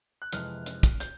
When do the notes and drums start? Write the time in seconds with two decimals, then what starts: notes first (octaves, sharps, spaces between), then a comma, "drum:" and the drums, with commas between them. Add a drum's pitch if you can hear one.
0.22 F#6
0.33 F2 C3 E3 G#3 F6, drum: hi-hat
0.66 drum: hi-hat
0.83 drum: kick, hi-hat
1.00 G6, drum: hi-hat